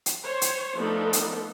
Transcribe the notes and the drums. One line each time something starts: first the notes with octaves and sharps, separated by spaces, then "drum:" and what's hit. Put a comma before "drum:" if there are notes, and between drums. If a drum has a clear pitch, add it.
drum: hi-hat
C5 C#5
drum: hi-hat
F3 A3 B3 D4 D#4 A4
drum: hi-hat